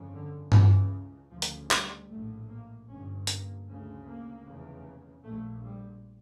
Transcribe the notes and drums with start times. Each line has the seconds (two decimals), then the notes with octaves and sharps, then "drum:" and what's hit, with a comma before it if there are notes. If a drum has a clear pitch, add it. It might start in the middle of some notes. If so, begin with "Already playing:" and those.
Already playing: G1 F2 C#3
0.13 D3
0.52 C#2 C#3 E3, drum: tom G2
1.31 D2 C#3 F3
1.42 drum: hi-hat
1.71 G3, drum: clap
2.09 A#1 A2 A3
2.49 A#3
2.88 G1 G2 C#4
3.27 A#3, drum: hi-hat
3.67 D2 C#3
4.06 A#3
4.45 F1 E2 C#3
5.24 A#1 A#2 A3
5.64 G3